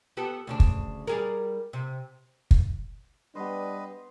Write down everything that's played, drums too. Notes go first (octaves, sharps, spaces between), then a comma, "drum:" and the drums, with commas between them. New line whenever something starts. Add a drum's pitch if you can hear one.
B3 G4 A4
D2 C#3 D4
drum: kick
G3 G#4 A#4
C3
drum: kick
G3 B3 D4 B4 C5 D#5